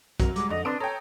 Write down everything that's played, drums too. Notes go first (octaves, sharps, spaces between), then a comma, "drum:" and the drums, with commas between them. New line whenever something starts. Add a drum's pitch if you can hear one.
F#2 C3 F#3 A#4, drum: kick, hi-hat
G3 G#3 F#4 D6, drum: hi-hat
F2 D3 D#5
C4 D4 B4 A5 C6 D#6 D7
A4 C#5 G5 A#5